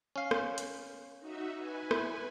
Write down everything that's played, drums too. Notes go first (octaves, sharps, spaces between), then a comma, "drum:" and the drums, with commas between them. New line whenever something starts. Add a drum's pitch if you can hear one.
C#4 F5
drum: rim click
drum: hi-hat
D#4 F#4 E5
B4 G#5
E4, drum: rim click